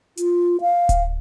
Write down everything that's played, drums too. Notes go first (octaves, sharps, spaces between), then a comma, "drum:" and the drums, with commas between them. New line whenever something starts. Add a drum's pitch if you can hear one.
F4, drum: hi-hat
F5
drum: kick D1, hi-hat